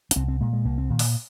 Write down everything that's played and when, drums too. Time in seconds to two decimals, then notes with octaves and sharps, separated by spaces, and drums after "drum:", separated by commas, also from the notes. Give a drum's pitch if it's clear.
0.11 C#4, drum: hi-hat
0.16 C2 C4
0.28 C4
0.40 A#2 G#3
0.53 G#3
0.65 C2 A#3
0.78 C4
0.90 A#2 D#3
0.99 drum: open hi-hat